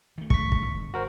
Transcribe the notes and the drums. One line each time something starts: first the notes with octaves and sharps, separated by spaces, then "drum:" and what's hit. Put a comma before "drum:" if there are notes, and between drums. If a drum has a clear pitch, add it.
D#3 A3
C#6 B6, drum: kick
drum: kick
G1
F#4 A#4 C5